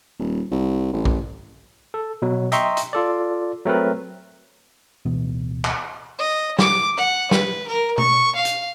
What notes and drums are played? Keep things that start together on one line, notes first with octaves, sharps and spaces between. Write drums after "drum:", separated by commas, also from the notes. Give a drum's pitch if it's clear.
D#1
C2
A1
drum: kick
A4
B2 F#3
D#5 E5 G5 A#5 C6 C#6, drum: hi-hat
drum: hi-hat
F4 A4 D5
F#3 A3 C4 A#4 B4
D1 B2 E3 B3
drum: clap
D#5
D6, drum: snare
F#5
B4, drum: snare
A#4
C#6, drum: tom
F5
drum: hi-hat